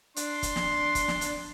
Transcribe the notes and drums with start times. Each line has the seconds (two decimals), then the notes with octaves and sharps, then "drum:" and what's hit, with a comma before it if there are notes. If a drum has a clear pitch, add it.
0.16 D4 C6, drum: hi-hat
0.43 drum: kick, hi-hat
0.56 drum: snare
0.95 drum: kick, hi-hat
1.08 drum: snare
1.21 drum: hi-hat